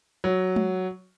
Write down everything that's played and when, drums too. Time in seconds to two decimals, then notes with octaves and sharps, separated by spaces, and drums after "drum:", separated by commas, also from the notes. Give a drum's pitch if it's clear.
0.24 F#3
0.56 drum: tom G#3